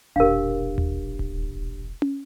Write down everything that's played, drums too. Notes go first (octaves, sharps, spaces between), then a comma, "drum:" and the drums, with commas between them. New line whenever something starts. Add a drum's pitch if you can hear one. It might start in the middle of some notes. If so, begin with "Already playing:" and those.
E1 A#1 D4 G4 A#4 F5
drum: tom D#2
drum: kick D1
drum: tom C#4